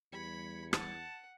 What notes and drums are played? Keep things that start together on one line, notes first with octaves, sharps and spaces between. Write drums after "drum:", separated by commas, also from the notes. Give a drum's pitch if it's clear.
E2 G3 B5 G#6 C#7
F#5 A5, drum: rim click